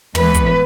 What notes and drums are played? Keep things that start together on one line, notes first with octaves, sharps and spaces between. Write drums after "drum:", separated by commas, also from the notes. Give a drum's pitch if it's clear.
A2 E3 G#3 B3 B4, drum: tom
drum: kick, hi-hat